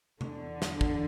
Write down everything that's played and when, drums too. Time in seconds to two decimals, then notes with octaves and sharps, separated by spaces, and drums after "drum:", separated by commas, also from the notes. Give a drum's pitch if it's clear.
0.21 E2 D3, drum: tom C3
0.62 drum: snare
0.81 drum: kick